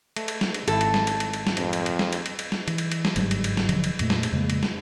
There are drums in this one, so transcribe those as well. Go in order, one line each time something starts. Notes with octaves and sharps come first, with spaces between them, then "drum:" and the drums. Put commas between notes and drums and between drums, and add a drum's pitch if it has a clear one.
A3, drum: cymbal
drum: cymbal
drum: snare
drum: cymbal
G#1 E4 A4, drum: cymbal
drum: cymbal
drum: snare
drum: cymbal
drum: cymbal
drum: cymbal
drum: snare
F2, drum: cymbal
drum: cymbal
drum: cymbal
drum: snare
drum: cymbal
drum: cymbal
drum: cymbal
drum: snare
E3, drum: cymbal
drum: cymbal
drum: cymbal
drum: snare
G1 G#2 F#3 G3, drum: cymbal
drum: cymbal
drum: cymbal
drum: snare
E1 D3 F3 F#3, drum: cymbal
drum: cymbal
F2 A#2 A3, drum: cymbal
drum: snare
drum: cymbal
F2 C#3 G#3 A#3
drum: cymbal
drum: snare